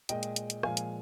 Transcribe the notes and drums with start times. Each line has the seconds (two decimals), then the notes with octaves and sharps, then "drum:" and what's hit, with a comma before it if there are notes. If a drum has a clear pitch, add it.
0.09 A#2 G#3 D#5 G5, drum: hi-hat
0.23 drum: hi-hat
0.36 drum: hi-hat
0.50 drum: hi-hat
0.63 A#2 F3 G#3 F5 G#5, drum: rim click
0.77 drum: hi-hat